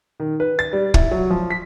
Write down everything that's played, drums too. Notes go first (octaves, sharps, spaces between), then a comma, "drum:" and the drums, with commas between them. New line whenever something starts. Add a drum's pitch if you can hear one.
D#3
B4
A6
G3
E4, drum: kick
F#3
F3
B6